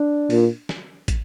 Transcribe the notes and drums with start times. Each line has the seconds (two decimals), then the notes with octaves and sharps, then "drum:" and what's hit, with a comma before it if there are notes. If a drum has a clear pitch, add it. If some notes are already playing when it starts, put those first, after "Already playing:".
Already playing: D4
0.30 A#2, drum: open hi-hat
0.69 drum: snare
1.08 drum: kick, hi-hat